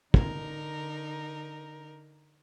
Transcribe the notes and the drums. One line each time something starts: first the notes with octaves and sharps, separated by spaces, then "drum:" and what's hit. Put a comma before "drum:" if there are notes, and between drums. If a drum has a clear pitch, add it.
D3 D#4 A#4, drum: kick